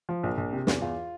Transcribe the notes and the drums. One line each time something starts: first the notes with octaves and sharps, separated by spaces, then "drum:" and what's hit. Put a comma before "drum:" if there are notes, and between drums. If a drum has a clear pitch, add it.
F3
A#1
A#1
C3
E2, drum: snare
E2 F4